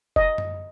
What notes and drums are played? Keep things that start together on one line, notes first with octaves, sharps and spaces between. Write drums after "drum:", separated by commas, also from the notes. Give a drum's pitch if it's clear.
D#5, drum: kick F1
drum: tom F#2